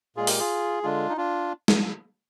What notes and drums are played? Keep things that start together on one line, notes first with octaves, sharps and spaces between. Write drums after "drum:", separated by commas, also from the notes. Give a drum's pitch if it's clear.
A#2 G#3 F4 G#4
G4 A#4, drum: open hi-hat
F4 G#4
D3 G#3 D4 F4
D#4
D4 F4
drum: snare